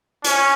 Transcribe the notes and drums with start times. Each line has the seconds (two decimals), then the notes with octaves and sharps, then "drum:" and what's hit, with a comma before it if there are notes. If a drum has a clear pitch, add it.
0.24 C#4, drum: hi-hat